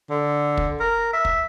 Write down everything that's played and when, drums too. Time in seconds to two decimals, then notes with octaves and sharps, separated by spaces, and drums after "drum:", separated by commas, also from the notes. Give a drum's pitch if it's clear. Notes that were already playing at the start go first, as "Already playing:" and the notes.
0.10 D3
0.57 drum: kick
0.80 A#4
1.13 E5
1.25 drum: kick